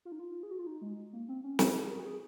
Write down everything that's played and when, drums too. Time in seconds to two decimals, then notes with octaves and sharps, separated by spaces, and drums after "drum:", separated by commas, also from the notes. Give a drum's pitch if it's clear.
0.05 F4
0.12 D#4
0.19 F4
0.43 G#4
0.51 F#4
0.59 F4
0.67 D#4
0.81 G#3
1.13 A#3
1.29 C4
1.44 C#4
1.59 F4, drum: snare
1.75 G#4
1.90 A#4
2.00 F#4
2.05 G#4